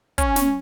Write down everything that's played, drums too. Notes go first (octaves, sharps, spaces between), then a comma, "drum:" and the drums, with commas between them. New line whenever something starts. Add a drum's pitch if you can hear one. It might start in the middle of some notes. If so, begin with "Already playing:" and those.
C#4, drum: kick, hi-hat
drum: snare